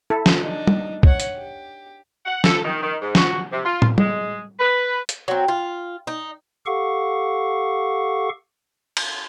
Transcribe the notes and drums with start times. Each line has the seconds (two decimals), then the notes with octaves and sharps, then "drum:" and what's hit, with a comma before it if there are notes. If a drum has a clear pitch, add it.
0.10 E4 A4
0.26 drum: snare
0.40 D4 D#4
0.67 drum: tom
1.03 C#5 F#5, drum: kick
1.20 drum: hi-hat
1.37 G4
2.25 F#5
2.44 A4, drum: snare
2.64 D#3
2.81 D#3
3.01 G#2
3.15 F#4, drum: snare
3.51 C3
3.64 F4
3.82 drum: tom
3.98 G#3, drum: tom
4.58 B4
5.09 drum: hi-hat
5.28 F#3 C4
5.48 F4
6.07 D#4
6.66 G4 A4 F5 F#5 C#6
8.97 drum: cymbal